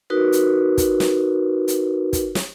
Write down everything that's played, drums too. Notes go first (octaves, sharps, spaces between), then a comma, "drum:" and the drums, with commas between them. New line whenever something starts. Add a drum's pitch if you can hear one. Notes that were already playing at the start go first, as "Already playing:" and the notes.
D#4 F#4 A#4 B4
drum: hi-hat
drum: kick, hi-hat
drum: snare
drum: hi-hat
drum: kick, hi-hat
drum: snare